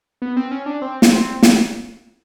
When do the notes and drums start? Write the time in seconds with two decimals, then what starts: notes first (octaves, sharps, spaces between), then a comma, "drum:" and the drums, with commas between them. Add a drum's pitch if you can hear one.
0.22 B3
0.36 C4
0.51 C#4
0.66 D4
0.82 C4
1.02 drum: snare
1.13 C4
1.43 drum: snare